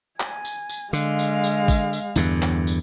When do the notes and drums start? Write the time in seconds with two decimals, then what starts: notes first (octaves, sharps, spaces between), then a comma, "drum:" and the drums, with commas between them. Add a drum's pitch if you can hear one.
0.20 G#5, drum: clap
0.45 drum: tambourine
0.69 drum: tambourine
0.93 D3 G#3 F5, drum: tambourine
1.19 drum: tambourine
1.44 drum: tambourine
1.68 drum: kick G#1, tambourine
1.93 drum: tambourine
2.16 E2 G2 D3, drum: tambourine
2.42 drum: clap
2.67 drum: tambourine